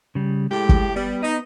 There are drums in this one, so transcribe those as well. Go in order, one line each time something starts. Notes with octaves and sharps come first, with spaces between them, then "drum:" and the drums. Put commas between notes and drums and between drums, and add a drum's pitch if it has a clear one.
C#3 G3
A2 G#3 G4
drum: kick
G3 B3
D#4